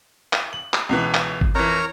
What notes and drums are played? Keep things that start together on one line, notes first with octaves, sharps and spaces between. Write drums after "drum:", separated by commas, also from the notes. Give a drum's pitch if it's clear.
drum: clap
F#7
drum: clap
C#2 B2 E3
drum: clap
drum: kick G#1
F2 E3 A#4 C#5 A#5